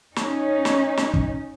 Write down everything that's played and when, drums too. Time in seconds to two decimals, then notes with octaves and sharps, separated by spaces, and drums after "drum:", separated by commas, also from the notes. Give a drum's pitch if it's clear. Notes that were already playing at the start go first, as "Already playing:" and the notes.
0.16 C#4 D#4, drum: snare
0.65 drum: snare
0.97 drum: snare
1.14 drum: kick